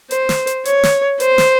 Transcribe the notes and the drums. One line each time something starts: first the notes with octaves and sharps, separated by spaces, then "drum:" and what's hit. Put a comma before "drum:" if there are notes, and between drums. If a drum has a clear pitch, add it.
C5, drum: hi-hat
drum: snare
drum: hi-hat
C#5, drum: hi-hat
drum: snare
C5, drum: hi-hat
drum: snare